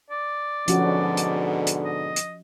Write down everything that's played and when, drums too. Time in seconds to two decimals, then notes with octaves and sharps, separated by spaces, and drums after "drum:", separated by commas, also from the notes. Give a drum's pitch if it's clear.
0.11 D5
0.68 G#2 B2 D3 F3 C#4 F#4, drum: hi-hat
1.17 drum: hi-hat
1.67 drum: hi-hat
1.85 D#5
2.16 drum: hi-hat